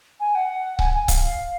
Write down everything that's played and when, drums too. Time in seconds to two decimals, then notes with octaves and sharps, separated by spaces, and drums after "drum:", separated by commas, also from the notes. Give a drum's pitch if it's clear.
0.20 G#5
0.35 F#5
0.79 G#5, drum: kick C#1
0.94 G#5
1.08 F5, drum: kick C#1, hi-hat